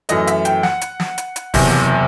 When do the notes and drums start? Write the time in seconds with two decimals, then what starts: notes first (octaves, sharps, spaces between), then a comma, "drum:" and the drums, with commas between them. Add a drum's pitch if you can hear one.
0.09 F#2 E3 A3 D#5, drum: hi-hat
0.27 E5, drum: hi-hat
0.45 G5, drum: hi-hat
0.63 F#5, drum: snare
0.81 drum: hi-hat
1.00 drum: snare
1.18 drum: hi-hat
1.36 drum: hi-hat
1.54 F#1 E2 C3, drum: kick, open hi-hat
1.72 drum: snare